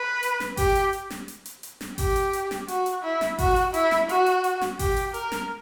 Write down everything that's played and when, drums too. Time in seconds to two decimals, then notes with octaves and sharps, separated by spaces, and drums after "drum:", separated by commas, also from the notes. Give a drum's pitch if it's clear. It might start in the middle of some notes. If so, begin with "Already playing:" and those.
Already playing: B4
0.23 drum: hi-hat
0.40 drum: snare
0.57 G4, drum: kick G#1, open hi-hat
0.75 drum: hi-hat
0.93 drum: hi-hat
1.10 drum: snare
1.28 drum: hi-hat
1.46 drum: hi-hat
1.63 drum: hi-hat
1.81 drum: snare
1.98 G4, drum: kick G#1, open hi-hat
2.16 drum: hi-hat
2.33 drum: hi-hat
2.51 drum: snare
2.68 F#4, drum: hi-hat
2.86 drum: hi-hat
3.03 E4
3.21 drum: snare
3.38 F#4, drum: kick G#1, open hi-hat
3.56 drum: hi-hat
3.74 E4, drum: hi-hat
3.91 drum: snare
4.09 F#4, drum: hi-hat
4.26 drum: hi-hat
4.44 drum: hi-hat
4.61 drum: snare
4.79 G4, drum: kick G#1, open hi-hat
4.97 drum: hi-hat
5.14 A#4, drum: hi-hat
5.32 drum: snare